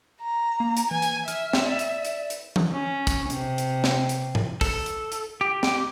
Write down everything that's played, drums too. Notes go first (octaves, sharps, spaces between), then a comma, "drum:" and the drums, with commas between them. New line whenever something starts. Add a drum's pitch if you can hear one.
A#5
A#3
drum: hi-hat
E3 G#5
drum: hi-hat
E5 F6, drum: hi-hat
drum: snare
D5
drum: hi-hat
drum: hi-hat
drum: hi-hat
drum: tom E3
C#4
drum: kick, hi-hat
C3, drum: hi-hat
drum: hi-hat
drum: snare
drum: hi-hat
drum: tom G#2
A4, drum: kick, open hi-hat
drum: hi-hat
drum: hi-hat
G4
drum: snare